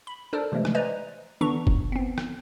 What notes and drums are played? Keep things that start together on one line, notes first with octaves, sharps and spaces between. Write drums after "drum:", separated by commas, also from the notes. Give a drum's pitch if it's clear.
B5
D4 A4 A#4 C5 D5 A5
C3 E3 F3 G#3 A3
drum: rim click
B4 C5 D5 D#5 G#5 A#5
D3 E3 B3 D4 A#5 C#6
drum: kick F#1
B3 C4
drum: rim click